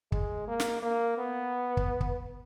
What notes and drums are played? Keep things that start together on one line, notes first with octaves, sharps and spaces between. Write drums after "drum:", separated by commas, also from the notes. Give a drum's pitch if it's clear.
G#3, drum: kick
A#3
drum: snare
A#3
B3
drum: kick
drum: kick